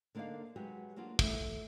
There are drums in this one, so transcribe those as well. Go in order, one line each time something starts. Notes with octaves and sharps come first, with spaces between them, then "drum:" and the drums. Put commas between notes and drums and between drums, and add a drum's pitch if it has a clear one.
D3 A#3 D4 D#4 D5 F5
F#3 G#3 B3 F#4 G4
F#3 A#3 D4 F4 F#4
E2 A3 E5, drum: kick